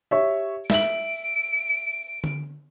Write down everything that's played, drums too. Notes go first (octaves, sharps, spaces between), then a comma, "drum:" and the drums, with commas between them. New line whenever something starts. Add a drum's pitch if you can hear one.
G4 C#5 E5
E5 D7 F#7, drum: snare
drum: tom D3